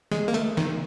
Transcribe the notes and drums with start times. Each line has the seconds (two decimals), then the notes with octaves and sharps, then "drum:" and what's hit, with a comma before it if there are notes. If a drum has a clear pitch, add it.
0.12 G#3, drum: snare
0.28 A#3
0.34 A3, drum: hi-hat
0.57 D#3, drum: snare